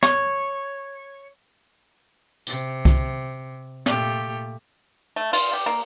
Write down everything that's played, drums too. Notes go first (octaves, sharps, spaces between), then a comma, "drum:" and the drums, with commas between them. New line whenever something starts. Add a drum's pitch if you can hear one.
C#5, drum: snare
C3, drum: tambourine
drum: kick C2
A#2 A3 G4, drum: snare
A3
F4, drum: cymbal
G4
A#3